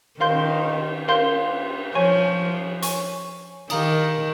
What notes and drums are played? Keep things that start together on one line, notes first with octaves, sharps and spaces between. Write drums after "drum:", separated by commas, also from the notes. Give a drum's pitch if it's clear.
D#3 A#4 F5 C6 G6, drum: cymbal
A#4 F5 C6 G6, drum: cymbal
F3 C#5 G#5 C#6
C#5 G#5 C#6, drum: hi-hat
D#3 G4 A#4 F5 A#5 D#6, drum: cymbal